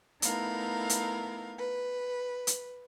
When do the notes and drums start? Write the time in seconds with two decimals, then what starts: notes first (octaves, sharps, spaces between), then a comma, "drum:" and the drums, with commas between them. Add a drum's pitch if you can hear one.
0.22 A3 B3 D#4 E4 A#4 F5, drum: hi-hat
0.90 drum: hi-hat
1.57 B4
2.47 drum: hi-hat